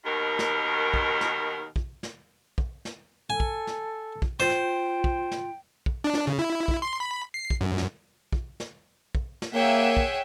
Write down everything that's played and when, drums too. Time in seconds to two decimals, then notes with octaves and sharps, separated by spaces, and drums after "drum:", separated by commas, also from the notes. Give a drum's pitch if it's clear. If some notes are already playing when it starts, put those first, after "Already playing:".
0.05 D#2 B2 D#3 A#4
0.39 drum: snare
0.94 drum: kick
1.21 drum: snare
1.76 drum: kick
2.03 drum: snare
2.58 drum: kick
2.85 drum: snare
3.30 A4 G#5
3.40 drum: kick
3.67 drum: snare
4.22 drum: kick
4.40 F4 C5 G5
4.49 drum: snare
5.04 drum: kick
5.31 drum: snare
5.86 drum: kick
6.04 D4
6.14 drum: snare
6.27 C#3
6.39 E4
6.68 drum: kick
6.82 C6
7.00 B5
7.34 C7
7.50 drum: kick
7.61 F#2
7.78 drum: snare
8.33 drum: kick
8.60 drum: snare
9.15 drum: kick
9.42 drum: snare
9.54 A#3 G#4 C#5 E5 F#5 G5
9.97 drum: kick